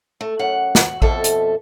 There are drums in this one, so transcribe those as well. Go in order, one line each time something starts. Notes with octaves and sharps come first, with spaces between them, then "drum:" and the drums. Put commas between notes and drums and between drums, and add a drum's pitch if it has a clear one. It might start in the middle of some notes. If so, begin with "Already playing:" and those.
A3
F#2 F#5
F#4, drum: snare
F2 B2 A4 E5, drum: kick A1
drum: hi-hat